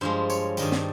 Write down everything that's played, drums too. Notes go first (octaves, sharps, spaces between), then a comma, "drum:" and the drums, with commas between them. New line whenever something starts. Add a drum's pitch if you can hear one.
G2 F3 G#3 C5
C#5, drum: tambourine
G2 D#3 G3 D#5, drum: tambourine
drum: snare